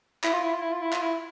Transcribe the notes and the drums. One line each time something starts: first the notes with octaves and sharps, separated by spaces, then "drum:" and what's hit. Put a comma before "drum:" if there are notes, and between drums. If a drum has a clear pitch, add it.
E4, drum: clap
F4
E4
F4
E4
F4
E4
F4, drum: clap
E4